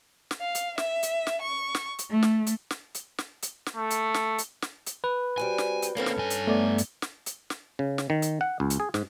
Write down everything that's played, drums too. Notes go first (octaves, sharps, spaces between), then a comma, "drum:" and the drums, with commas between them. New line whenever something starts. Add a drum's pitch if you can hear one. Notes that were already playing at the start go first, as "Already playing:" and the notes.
drum: snare
F5
drum: hi-hat
E5, drum: snare
drum: hi-hat
drum: snare
C#6
drum: snare
drum: hi-hat
A3
drum: snare
drum: hi-hat
drum: snare
drum: hi-hat
drum: snare
drum: hi-hat
drum: snare
A3
drum: hi-hat
drum: snare
drum: hi-hat
drum: snare
drum: hi-hat
B4
G3 C4 F#4 G#5
drum: snare
drum: hi-hat
A#3 C4 C#4 A4 C#5
drum: snare
G2 G#5
drum: hi-hat
A3 B3 D5
drum: hi-hat
drum: snare
drum: hi-hat
drum: snare
C#3
drum: snare
D#3
drum: hi-hat
F#5
C#2
drum: hi-hat
G#4
G#2, drum: snare